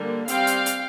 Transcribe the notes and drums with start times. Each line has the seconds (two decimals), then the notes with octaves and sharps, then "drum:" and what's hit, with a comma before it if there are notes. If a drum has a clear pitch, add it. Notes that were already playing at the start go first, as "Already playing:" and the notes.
Already playing: D3 G3 A#3
0.28 G3 C4 F5 G5, drum: hi-hat
0.47 drum: hi-hat
0.66 drum: hi-hat